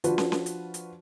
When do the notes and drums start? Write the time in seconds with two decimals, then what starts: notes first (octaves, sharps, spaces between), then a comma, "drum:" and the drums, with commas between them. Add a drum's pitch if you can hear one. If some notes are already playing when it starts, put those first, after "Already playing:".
0.04 F3 D4 F4 F#4 B4, drum: hi-hat
0.18 drum: snare
0.32 drum: snare
0.46 drum: hi-hat
0.74 drum: hi-hat